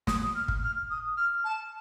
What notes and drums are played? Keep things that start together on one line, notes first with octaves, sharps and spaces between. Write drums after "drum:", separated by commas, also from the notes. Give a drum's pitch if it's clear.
D#6, drum: snare
F6
drum: kick
F6
D#6
F6
A5